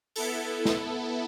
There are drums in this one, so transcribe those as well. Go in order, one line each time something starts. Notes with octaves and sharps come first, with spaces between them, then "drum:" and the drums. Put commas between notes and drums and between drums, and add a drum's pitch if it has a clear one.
B3 E4 A4, drum: open hi-hat
drum: snare